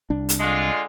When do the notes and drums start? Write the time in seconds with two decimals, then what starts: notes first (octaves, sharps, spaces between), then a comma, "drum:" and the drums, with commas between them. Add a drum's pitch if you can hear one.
0.10 C2 D4
0.29 drum: hi-hat
0.40 D3 G#3 F4